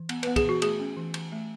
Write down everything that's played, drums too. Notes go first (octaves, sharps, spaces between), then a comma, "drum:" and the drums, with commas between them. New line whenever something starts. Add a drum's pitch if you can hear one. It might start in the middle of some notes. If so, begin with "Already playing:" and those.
Already playing: E3
B3, drum: cymbal
B4, drum: cymbal
B3
G#4, drum: kick, cymbal
E3 F#4
A3 G#4, drum: cymbal
C#4
E3
E3, drum: cymbal
A3